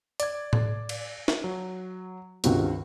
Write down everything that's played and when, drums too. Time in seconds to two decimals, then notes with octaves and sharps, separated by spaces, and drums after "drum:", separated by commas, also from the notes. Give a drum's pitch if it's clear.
0.20 D5 G#6, drum: hi-hat
0.53 drum: tom A2
0.89 drum: cymbal
1.28 drum: snare
1.44 F#3
2.44 C#2 G2 D#3 C4 F#4, drum: hi-hat